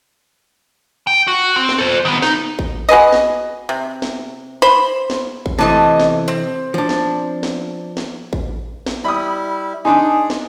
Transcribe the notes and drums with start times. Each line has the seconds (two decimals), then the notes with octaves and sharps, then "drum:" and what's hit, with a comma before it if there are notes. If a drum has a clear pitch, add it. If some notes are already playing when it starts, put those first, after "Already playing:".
1.07 G5
1.28 F#4
1.56 C4
1.69 drum: snare
1.78 A4 C5
2.05 D#3 B3
2.22 D#4, drum: snare
2.59 drum: kick A1
2.89 F#4 G#4 B4 D#5
3.13 drum: snare
3.69 C3
4.02 drum: snare
4.62 C5 B5
5.10 drum: snare
5.46 drum: kick A1
5.59 C3 E3 A3 D#5 A5
5.99 drum: snare
6.28 C4
6.74 F3 D4
6.89 drum: snare
7.43 drum: snare
7.97 drum: snare
8.33 drum: kick A1
8.86 drum: snare
9.04 G3 E4 B5 D#6
9.85 D4 D#4 G#4 G#5 C6 D#6
10.30 drum: snare